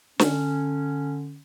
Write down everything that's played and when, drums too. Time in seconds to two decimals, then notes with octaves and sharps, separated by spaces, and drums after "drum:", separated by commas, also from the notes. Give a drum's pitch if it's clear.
0.19 D3 C#4, drum: snare